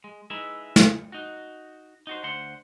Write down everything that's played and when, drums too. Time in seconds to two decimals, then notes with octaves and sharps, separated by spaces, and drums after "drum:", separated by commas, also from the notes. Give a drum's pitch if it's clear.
0.04 G#3
0.30 G#3 D#4 E4 B4 E5
0.76 drum: snare
1.12 D#4 F#4
2.07 D#4 F#4 C5
2.24 D2 C5 F#5 C6